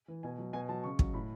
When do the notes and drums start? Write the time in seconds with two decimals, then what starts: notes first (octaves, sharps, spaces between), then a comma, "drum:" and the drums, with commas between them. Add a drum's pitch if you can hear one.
0.08 E3
0.23 B2 G#5
0.38 F#3
0.53 B2 G#5
0.69 F#3 A5
0.84 C#3 C#6
0.99 F#3, drum: kick
1.14 A2 B5